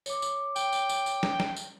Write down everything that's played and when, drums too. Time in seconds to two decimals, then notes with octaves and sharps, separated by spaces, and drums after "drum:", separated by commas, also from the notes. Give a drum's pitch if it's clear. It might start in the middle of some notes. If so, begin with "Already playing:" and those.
0.06 C#5 D6, drum: tambourine
0.22 drum: tambourine
0.56 G5, drum: tambourine
0.73 drum: tambourine
0.89 drum: tambourine
1.06 drum: tambourine
1.23 drum: snare
1.40 drum: snare
1.56 drum: tambourine